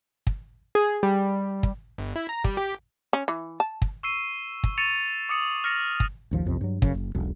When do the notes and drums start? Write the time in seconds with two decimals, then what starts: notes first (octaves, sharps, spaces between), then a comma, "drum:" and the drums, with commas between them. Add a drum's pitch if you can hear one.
0.27 drum: kick
0.75 G#4
1.03 G3
1.63 drum: kick
1.98 G1
2.16 E4
2.29 A#5
2.44 G3, drum: kick
2.57 G4
3.13 C#4
3.28 E3
3.60 A5
3.82 drum: kick
4.03 C#6 E6 C7 D#7
4.64 drum: kick
4.78 C#6 A6 C#7 D#7 F7
5.29 D6 D#6 C#7
5.64 F6 A6 A#6 C#7
6.00 drum: kick
6.31 A1 D#2 F3
6.45 B1 F2 C3
6.61 G2 F#3
6.82 F#2 C#3, drum: kick
6.94 F#1
7.15 E1 B1